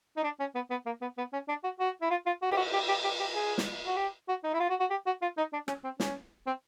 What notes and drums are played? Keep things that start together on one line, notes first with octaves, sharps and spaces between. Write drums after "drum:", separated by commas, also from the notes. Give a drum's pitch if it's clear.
D#4
D4
C#4
B3
B3
A#3
B3
B3
C#4
D4
F#4
F#4
E4
F4
F4
F#4
G4, drum: cymbal
F#4
G4
G4
G4
G4
G#4
drum: snare
F#4
G4
F#4
D#4
E4
F4
F#4
F#4
G4
F#4
F4
D#4
D4
C#4, drum: rim click
C4
C#4, drum: snare
C4